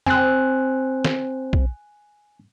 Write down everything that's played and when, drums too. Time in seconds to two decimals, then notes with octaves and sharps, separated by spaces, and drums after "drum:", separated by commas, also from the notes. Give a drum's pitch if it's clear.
0.06 C4 G#5 F#6, drum: tom F2
1.05 drum: snare
1.53 drum: kick B1